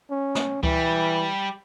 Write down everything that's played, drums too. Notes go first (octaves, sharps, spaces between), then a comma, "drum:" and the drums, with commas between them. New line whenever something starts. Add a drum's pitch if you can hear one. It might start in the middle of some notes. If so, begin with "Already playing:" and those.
C#4
drum: snare
E3 G3, drum: kick C#2